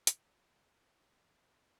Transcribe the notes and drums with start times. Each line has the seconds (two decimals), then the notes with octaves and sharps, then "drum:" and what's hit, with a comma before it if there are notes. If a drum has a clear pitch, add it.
0.07 C#4, drum: hi-hat
0.39 C3 F3
0.60 F#3 A#3
1.05 A#5
1.45 A3 A5